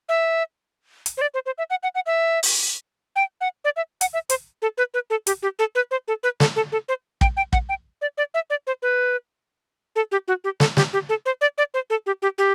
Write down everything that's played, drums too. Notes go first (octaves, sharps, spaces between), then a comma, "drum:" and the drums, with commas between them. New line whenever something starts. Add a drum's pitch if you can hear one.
E5
drum: hi-hat
C5
D5
C5
C5
E5
F#5
F#5
F#5
E5
drum: open hi-hat
G5
F#5
D5
E5
F#5, drum: hi-hat
E5
C5, drum: hi-hat
A4
B4
B4
A4
G4, drum: hi-hat
G4
A4
B4
C5
A4
B4
A4, drum: snare
A4
A4
C5
G5, drum: kick
G5
F#5, drum: kick
G5
D5
D5
E5
D5
C5
B4
A4
G4
F#4
G4
A4, drum: snare
G4, drum: snare
G4
A4
C5
D5
D5
C5
A4
G4
G4
G4